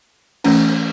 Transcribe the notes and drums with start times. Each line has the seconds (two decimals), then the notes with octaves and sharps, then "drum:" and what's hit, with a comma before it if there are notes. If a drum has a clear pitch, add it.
0.44 E3 A3 C#4, drum: cymbal